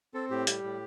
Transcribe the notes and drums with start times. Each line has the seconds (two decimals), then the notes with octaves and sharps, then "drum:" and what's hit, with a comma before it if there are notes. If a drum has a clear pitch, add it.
0.14 C4 A4
0.30 A2 G4
0.47 G3, drum: hi-hat
0.64 A2